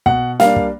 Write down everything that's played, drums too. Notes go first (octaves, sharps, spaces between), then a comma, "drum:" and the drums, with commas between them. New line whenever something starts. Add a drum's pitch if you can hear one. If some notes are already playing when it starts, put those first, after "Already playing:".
B2 F#5, drum: kick
G3 A#3 D4 F5, drum: snare
drum: kick